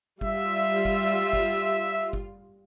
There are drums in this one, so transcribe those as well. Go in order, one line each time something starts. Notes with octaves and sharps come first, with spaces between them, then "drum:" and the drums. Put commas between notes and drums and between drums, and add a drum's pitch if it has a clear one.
G3 F4 E5, drum: kick G1
drum: kick G1
drum: kick G1
drum: kick G1